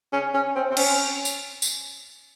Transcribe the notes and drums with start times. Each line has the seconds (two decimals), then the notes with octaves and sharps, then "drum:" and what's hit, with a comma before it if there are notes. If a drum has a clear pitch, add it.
0.13 C#4
0.34 C#4
0.55 C4
0.71 C4
0.77 C#4, drum: cymbal
1.25 drum: tambourine
1.62 drum: tambourine